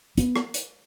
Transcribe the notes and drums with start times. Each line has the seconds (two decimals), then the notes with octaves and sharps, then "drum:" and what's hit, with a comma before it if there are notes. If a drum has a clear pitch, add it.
0.18 B3, drum: hi-hat
0.36 drum: rim click
0.54 drum: hi-hat